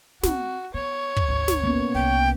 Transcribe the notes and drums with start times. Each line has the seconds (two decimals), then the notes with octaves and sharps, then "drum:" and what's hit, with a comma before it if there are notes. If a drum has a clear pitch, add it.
0.23 C4 C#4 F#4, drum: snare
0.74 B3 C#5
1.16 drum: kick
1.29 G#1 D2
1.48 drum: snare
1.64 A#3 B3 C#4
1.95 C2 G5